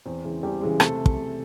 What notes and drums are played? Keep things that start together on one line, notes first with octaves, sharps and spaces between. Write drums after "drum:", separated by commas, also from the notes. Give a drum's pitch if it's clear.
E2 C4 C5
C#3 E3 G#3
E2 G3 G4
C#3 E3 G#3 G#4
C3 A3 A4, drum: rim click
drum: kick